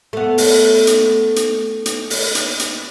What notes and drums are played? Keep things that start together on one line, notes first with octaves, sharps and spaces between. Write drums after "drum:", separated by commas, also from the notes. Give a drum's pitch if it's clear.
A3 B3
drum: open hi-hat
drum: hi-hat
drum: hi-hat
drum: hi-hat
drum: open hi-hat
drum: hi-hat
drum: hi-hat